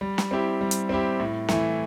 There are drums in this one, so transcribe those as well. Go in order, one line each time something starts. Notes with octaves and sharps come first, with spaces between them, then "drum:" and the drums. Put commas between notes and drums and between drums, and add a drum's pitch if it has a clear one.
G3
drum: snare
C4 E4 G4
G3
drum: hi-hat
C4 E4 G4
A2
E3 A3, drum: snare